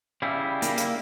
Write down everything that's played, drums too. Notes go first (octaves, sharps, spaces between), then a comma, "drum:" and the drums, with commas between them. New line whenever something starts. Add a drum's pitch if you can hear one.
C#3 G3 E4
A#3, drum: hi-hat
drum: hi-hat